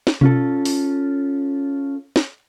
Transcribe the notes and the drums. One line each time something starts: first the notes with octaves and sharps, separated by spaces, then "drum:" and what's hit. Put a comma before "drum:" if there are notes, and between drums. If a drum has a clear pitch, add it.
drum: snare
C#4 F4 A4, drum: tom B2
drum: open hi-hat
drum: snare